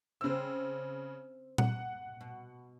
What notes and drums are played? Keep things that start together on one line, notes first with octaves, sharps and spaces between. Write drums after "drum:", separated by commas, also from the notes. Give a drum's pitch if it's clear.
C#3 C4 C5 E6
F#5, drum: tom A#2
B2